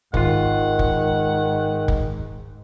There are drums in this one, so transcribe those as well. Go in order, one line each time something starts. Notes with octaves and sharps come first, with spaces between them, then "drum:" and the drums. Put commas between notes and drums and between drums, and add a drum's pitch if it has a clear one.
G#1 G#2 D#3 F4 F#5, drum: kick
drum: kick
drum: kick